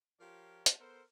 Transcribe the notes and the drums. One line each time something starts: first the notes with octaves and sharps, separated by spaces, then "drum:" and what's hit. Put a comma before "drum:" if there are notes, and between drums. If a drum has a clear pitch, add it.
F3 F4 G4 A#4 C#5 A#5
drum: hi-hat
B3 A4 A#4 C5